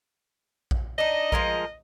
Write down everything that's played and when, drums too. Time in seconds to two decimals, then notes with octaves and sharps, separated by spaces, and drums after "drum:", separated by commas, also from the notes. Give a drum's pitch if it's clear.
0.71 drum: kick A#1
0.98 D4 D#4 D#5
1.32 F3 G#3 A#4, drum: kick A#1